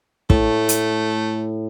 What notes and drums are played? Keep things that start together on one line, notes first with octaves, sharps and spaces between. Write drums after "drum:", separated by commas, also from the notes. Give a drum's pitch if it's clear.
A2 A3, drum: kick
drum: hi-hat